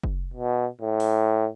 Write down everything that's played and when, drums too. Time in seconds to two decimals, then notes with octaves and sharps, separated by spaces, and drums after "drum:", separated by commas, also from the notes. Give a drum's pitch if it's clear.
0.04 drum: kick F#1
0.33 B2
0.81 A2
1.00 drum: open hi-hat